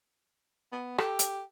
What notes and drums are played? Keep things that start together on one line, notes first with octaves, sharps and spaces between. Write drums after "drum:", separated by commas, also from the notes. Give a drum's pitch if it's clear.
B3
G4 A4, drum: rim click
drum: hi-hat